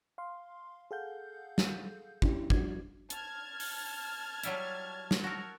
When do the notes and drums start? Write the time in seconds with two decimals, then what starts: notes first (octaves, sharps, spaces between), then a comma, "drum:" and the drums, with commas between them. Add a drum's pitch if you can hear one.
0.18 F5 C6
0.91 G#4 A4 F5 F#5 G6
1.58 drum: snare
2.22 C#4 D4 E4 G4, drum: kick
2.50 F3 G3 D4 F#4 G#6, drum: kick
3.10 A5 F6 G#6, drum: hi-hat
3.60 drum: open hi-hat
4.43 F#3 G3 E4, drum: hi-hat
5.11 drum: snare
5.24 F#4 A4 A#4